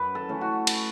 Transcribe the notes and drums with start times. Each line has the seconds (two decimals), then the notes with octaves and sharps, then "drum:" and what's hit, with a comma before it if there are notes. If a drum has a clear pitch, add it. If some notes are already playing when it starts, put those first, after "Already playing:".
Already playing: F#2 B4
0.15 A4
0.29 E3 A3 C#4
0.41 F#4
0.67 drum: cymbal